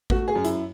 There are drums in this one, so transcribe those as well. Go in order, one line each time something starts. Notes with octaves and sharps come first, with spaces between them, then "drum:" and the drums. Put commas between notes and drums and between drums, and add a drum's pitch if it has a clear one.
A3 F#4, drum: kick A1
G#4
F#2
E4, drum: hi-hat